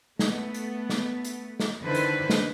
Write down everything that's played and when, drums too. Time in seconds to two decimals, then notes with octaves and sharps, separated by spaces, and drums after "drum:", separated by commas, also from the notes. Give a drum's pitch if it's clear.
0.19 A3 B3, drum: snare
0.54 drum: hi-hat
0.89 drum: snare
1.25 drum: hi-hat
1.60 drum: snare
1.82 D3 D#3 D4 E4 B4 C5
1.95 drum: hi-hat
2.30 drum: snare